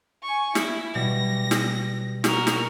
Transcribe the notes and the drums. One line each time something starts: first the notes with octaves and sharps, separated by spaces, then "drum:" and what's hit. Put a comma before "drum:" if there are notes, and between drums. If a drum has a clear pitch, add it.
G#5 C#6
E4, drum: snare
B2 G3 A#6
drum: snare
F#4 A#4, drum: snare
drum: snare